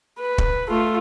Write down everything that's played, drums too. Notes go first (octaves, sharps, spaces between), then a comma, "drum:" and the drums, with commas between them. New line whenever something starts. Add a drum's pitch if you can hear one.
B4
drum: kick
A3 F4